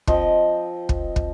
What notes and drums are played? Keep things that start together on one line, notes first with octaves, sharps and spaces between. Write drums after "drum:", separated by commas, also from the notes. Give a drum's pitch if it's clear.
F3 C4 D#5, drum: kick
drum: kick
drum: kick